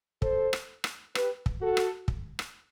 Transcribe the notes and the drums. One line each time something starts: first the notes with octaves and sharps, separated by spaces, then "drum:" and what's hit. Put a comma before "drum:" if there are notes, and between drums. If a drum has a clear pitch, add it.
A4 C5, drum: kick
drum: rim click
drum: rim click
G4 B4, drum: rim click
drum: kick
F#4 A4
drum: rim click
drum: kick
drum: rim click